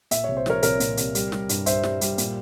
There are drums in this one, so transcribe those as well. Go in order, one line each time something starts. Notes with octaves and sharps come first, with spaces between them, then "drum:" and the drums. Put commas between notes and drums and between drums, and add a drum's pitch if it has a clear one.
A#2 E5, drum: hi-hat
C2 C#5
C5
F3 A#4 C#5, drum: snare
C2 A#4 C#5, drum: hi-hat
A#2, drum: hi-hat
C2, drum: hi-hat
G3, drum: hi-hat
G3, drum: snare
G2, drum: hi-hat
G2 C5 E5, drum: hi-hat
G3, drum: snare
G3, drum: hi-hat
A#2, drum: hi-hat